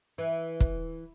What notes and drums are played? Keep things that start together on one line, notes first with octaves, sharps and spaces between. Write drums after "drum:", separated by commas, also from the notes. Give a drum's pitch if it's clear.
E3
drum: kick